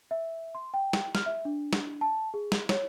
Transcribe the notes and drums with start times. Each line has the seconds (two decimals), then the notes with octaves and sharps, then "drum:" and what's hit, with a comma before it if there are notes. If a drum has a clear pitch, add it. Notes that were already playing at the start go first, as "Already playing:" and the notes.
0.11 E5
0.55 C6
0.74 G5
0.93 drum: snare
1.15 F6, drum: snare
1.26 E5
1.45 D4
1.73 drum: snare
2.01 A5
2.34 G#4
2.52 drum: snare
2.69 C#5, drum: snare